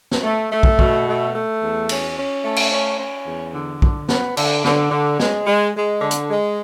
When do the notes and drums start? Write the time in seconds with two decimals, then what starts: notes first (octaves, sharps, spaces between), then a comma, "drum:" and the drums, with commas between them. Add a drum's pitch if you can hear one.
0.11 drum: snare
0.24 A3
0.52 A3
0.63 drum: kick
0.79 B2, drum: kick
1.07 A3
1.34 A3
1.61 E2
1.89 C#4, drum: cymbal
2.16 C#4
2.45 A3
2.56 drum: cymbal
2.72 C#4
2.99 C#4
3.26 E2
3.54 D3
3.82 D3, drum: kick
4.09 B3, drum: snare
4.37 D3, drum: cymbal
4.65 D3, drum: snare
4.91 D3
5.20 G#3, drum: snare
5.47 G#3
5.75 G#3
6.02 D3
6.11 drum: hi-hat
6.30 G#3